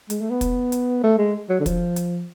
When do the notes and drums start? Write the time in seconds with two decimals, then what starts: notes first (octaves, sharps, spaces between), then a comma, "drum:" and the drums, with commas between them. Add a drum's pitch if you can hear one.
0.10 G#3, drum: hi-hat
0.21 A3
0.30 B3
0.41 drum: kick, hi-hat
0.72 drum: hi-hat
1.03 A3
1.18 G#3
1.49 F#3
1.60 D3
1.66 F3, drum: kick, hi-hat
1.96 drum: hi-hat